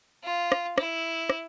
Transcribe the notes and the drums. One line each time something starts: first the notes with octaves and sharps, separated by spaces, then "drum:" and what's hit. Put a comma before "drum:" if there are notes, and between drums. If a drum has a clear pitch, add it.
F4
drum: rim click
E4, drum: rim click
drum: rim click